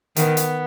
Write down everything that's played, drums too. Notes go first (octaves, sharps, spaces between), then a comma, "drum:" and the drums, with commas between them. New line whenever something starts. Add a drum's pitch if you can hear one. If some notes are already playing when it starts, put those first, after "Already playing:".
D#3 B3, drum: hi-hat
drum: hi-hat